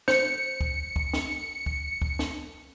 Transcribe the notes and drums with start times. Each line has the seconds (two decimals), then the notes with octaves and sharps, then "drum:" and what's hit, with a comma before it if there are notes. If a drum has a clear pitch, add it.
0.08 C5 C#7, drum: snare
0.61 drum: kick D2
0.96 drum: kick D2
1.13 drum: snare
1.66 drum: kick D2
2.02 drum: kick D2
2.19 drum: snare